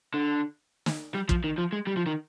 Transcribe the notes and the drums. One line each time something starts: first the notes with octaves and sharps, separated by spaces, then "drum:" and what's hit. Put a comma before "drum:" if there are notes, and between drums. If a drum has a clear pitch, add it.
D3
drum: snare
G3
F3, drum: kick
D#3
F3
G#3
G3
F3
D#3